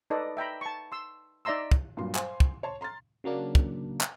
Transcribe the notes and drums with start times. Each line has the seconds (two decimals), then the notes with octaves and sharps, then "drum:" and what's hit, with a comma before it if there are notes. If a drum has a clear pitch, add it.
0.10 D#4 A4 B4 D5 D#5
0.37 E5 G5 A#5 B5
0.61 A5 C#6
0.92 C6 E6
1.45 D#4 D5 E5 A#5 C6 E6
1.72 drum: kick
1.97 G2 A#2 F#3 C6
2.15 C5 F5 G#5 C6, drum: clap
2.40 drum: kick
2.63 C#5 A5 C6
2.81 A#5 C6 F6 A6
3.24 C#3 F#3 A#3 D4
3.55 drum: kick
4.01 drum: clap